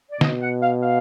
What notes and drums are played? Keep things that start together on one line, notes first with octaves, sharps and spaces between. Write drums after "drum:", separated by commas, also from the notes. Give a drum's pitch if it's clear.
D5
B2 D#5, drum: snare
F#5
F5
F5